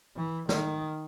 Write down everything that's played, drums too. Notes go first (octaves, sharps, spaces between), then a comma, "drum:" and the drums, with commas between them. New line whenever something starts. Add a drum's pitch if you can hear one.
E3
D#3, drum: snare